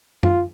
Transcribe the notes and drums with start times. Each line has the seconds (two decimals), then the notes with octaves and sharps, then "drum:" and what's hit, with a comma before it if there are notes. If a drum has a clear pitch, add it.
0.23 F4, drum: tom F#2